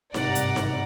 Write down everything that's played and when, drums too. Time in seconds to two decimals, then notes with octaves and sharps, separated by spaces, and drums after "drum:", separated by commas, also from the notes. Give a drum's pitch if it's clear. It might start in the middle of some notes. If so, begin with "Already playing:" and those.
0.14 G#1 G2 C3 D5 F#5 A#5, drum: snare D#4
0.35 drum: hi-hat
0.56 drum: snare D#4